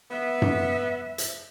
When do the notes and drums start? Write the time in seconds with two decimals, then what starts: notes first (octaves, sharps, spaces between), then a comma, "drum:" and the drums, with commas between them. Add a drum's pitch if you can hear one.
0.11 B3 E5
0.42 drum: tom F#2
1.18 drum: hi-hat